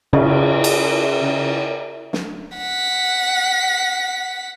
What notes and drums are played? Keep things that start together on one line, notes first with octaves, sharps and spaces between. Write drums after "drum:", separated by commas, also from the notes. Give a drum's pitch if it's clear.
C#3, drum: cymbal
drum: cymbal
drum: snare
F#5 B6